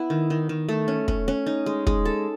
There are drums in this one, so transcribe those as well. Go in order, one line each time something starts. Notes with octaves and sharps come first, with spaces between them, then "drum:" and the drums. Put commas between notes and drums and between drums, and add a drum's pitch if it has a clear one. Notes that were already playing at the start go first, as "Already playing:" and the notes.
Already playing: B3 E4 B4
D#3
D#3
D#3
A3
C#4
C#4, drum: kick
C#4
D#4
G#3
G#3, drum: kick
A4